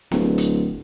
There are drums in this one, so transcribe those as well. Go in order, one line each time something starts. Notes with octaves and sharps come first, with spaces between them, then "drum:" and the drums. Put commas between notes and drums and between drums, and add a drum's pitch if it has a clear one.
D1, drum: snare B3
drum: hi-hat